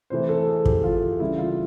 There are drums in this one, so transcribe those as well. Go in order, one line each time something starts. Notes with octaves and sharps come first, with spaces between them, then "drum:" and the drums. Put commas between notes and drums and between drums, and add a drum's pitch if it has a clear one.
C3 E3 A3 C5
A4
G#4
G4, drum: kick
F4
C#3 E3 G3 E4
F4